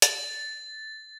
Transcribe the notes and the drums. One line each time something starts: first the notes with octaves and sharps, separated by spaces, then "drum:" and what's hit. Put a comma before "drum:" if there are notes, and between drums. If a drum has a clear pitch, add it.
A6, drum: hi-hat